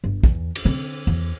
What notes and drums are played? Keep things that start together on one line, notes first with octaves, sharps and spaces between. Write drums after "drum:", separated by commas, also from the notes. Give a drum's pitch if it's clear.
G1
E2, drum: kick
drum: cymbal
D3 C4
E2